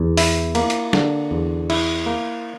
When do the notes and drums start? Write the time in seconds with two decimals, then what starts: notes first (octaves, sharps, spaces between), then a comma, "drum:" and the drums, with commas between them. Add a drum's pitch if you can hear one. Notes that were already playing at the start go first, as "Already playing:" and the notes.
Already playing: E2
0.17 E4, drum: open hi-hat
0.55 A#3, drum: cymbal
0.70 drum: hi-hat
0.93 D3, drum: snare
1.31 E2
1.70 E4, drum: cymbal
2.06 A#3